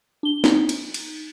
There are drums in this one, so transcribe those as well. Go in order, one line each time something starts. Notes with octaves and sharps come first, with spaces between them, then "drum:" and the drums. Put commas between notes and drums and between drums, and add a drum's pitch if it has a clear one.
D4 G7
D#4, drum: snare
drum: cymbal
drum: cymbal